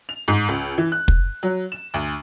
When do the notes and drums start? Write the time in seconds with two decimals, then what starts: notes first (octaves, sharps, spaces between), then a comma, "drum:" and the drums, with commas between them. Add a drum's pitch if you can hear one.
0.09 F7
0.28 G#2
0.48 C#2
0.78 E3
0.92 F#6
1.08 drum: kick
1.43 F#3
1.72 E7
1.94 D2